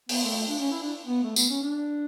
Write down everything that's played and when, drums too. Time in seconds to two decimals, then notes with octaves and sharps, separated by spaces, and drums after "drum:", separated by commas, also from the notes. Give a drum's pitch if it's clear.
0.09 B3, drum: open hi-hat
0.24 A3
0.36 A3
0.48 D4
0.59 C#4
0.71 E4
0.83 D4
1.05 B3
1.23 A3
1.36 B3, drum: tambourine
1.50 C#4
1.62 D4